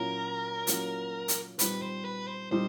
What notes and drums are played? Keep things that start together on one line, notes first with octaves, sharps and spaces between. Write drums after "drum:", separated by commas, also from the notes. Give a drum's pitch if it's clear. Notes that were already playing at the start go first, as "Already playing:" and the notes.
Already playing: A#2 F#3 A#3 C#4 E4 A#4
A#2 F#3 A#3 C#4 E4, drum: hi-hat
drum: hi-hat
A#2 G3 C4 D#4 B4, drum: hi-hat
C5
B4
C5
A#2 G3 C4 D#4 C5